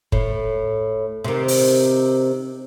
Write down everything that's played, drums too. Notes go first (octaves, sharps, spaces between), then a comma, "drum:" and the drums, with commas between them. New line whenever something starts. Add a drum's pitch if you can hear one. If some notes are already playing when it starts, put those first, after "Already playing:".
A2, drum: kick F#1
C3 D#3
drum: open hi-hat